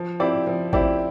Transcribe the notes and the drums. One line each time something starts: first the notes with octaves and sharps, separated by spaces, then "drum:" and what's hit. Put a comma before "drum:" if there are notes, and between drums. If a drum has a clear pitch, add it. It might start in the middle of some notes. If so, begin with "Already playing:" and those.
Already playing: F3
C4 E4 G4 D5
F3
C4 E4 G4 D5, drum: kick G#1